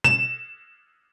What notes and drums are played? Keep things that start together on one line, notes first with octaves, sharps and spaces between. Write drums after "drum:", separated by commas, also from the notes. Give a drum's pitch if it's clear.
E7, drum: tom B2